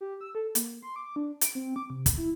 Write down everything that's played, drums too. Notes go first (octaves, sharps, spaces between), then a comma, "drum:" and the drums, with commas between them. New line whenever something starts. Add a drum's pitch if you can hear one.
G4
E6
A4
A#3, drum: hi-hat
C6
D6
D4
D7, drum: hi-hat
C4
D6
C3
drum: kick, hi-hat
E4